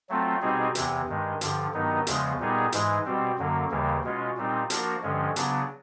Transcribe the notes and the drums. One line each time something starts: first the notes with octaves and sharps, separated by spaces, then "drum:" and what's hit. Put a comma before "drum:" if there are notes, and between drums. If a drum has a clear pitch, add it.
F#3 A3 C4 F4
B2 G3 C4 D#4 G#4
E2 C3 E3, drum: hi-hat
G2 D#3 G#3
G2 D3 F3, drum: hi-hat
G2 D#3 F#3 B3 D#4
E2 C#3 F3 G#3, drum: hi-hat
A#2 G3 B3 D#4 G#4
G#2 E3 G#3, drum: hi-hat
B2 G3 C4
F#2 D3 F#3 A#3
D#2 C#3 E3 G3 A#3
B2 G#3 C#4 F4
A#2 G3 C4 D#4
F3 A#3 D4 F#4 A#4, drum: hi-hat
G2 D3 F3 G#3 C#4
C#3 F#3 B3 D4, drum: hi-hat